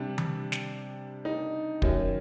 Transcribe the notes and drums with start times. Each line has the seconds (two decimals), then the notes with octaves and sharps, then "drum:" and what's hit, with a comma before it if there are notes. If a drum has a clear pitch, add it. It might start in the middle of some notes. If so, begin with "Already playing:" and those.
Already playing: C3 G3 D4
0.18 drum: tom D#3
0.52 drum: snare
1.25 D#4
1.82 F#2 D#3 F#3, drum: kick